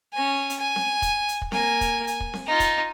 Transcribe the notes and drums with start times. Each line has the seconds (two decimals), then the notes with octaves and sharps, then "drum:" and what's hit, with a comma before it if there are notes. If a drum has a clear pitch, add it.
0.14 C#4 G#5
0.50 drum: hi-hat
0.59 G#5
0.76 drum: snare C4
1.02 drum: kick, hi-hat
1.28 drum: hi-hat
1.42 drum: kick
1.52 A#3 G#5, drum: snare C4
1.81 drum: kick, hi-hat
2.07 G#5, drum: hi-hat
2.20 drum: kick
2.34 drum: snare C4
2.47 D#4 F4
2.60 drum: kick, hi-hat